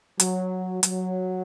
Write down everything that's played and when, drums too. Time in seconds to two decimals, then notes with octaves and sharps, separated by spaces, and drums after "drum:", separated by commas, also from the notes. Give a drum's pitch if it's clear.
0.20 F#3, drum: hi-hat
0.83 F#3, drum: hi-hat